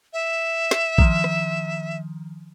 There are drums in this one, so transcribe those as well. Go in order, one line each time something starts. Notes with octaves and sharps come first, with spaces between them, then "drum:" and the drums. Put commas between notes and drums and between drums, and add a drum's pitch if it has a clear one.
E5
drum: snare
D#3 F3, drum: kick
drum: rim click